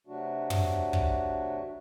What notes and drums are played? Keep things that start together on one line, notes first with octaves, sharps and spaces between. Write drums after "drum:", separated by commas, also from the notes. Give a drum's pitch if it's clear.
C3 F#3 A3 D4 F#4
drum: tom
drum: kick